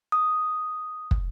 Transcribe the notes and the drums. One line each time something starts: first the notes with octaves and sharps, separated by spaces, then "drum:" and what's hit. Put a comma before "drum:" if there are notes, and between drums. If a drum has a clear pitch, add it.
D#6
drum: kick